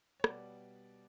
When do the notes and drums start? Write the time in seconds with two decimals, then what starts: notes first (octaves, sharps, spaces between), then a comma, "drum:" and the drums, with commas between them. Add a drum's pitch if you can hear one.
0.20 C#5
0.24 B2 G3 B3 D5, drum: rim click